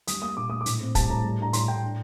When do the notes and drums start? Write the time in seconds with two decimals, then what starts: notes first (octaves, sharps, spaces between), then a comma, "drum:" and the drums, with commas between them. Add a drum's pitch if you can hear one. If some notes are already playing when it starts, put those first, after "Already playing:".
0.07 G3 D#6, drum: hi-hat
0.22 A#3 D#6
0.37 A#2 D6
0.50 A#3 D#6
0.61 D6
0.66 A2, drum: hi-hat
0.80 C4
0.95 G3 A5, drum: kick, hi-hat
1.10 A2 A#5
1.24 G3
1.39 D4 A#5
1.53 A2 C6, drum: hi-hat
1.68 A2 G5
1.83 D4